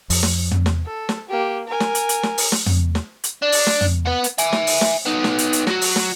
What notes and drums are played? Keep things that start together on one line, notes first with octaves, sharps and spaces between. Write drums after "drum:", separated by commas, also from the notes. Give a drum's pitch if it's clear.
F2, drum: open hi-hat
drum: snare
drum: tom
drum: snare
A4
drum: snare
A#3 G4
A#4 G#5
drum: snare
drum: hi-hat
drum: hi-hat
drum: snare
drum: open hi-hat
drum: snare
drum: tom
drum: snare
drum: hi-hat
D4
drum: open hi-hat
drum: snare
drum: tom
B4 F#5
drum: hi-hat
E5 G#5, drum: hi-hat
drum: snare
drum: open hi-hat
drum: snare
B3 D#4
drum: snare
drum: hi-hat
drum: hi-hat
F#3 F#4, drum: snare
drum: open hi-hat
drum: snare